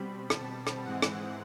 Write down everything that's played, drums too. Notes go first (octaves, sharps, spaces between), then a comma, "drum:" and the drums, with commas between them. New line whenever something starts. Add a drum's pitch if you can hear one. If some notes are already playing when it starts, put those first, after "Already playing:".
Already playing: B2 G3 C4 B5
A5, drum: rim click
drum: rim click
G#2 E3 G#3 C4 F#5
drum: rim click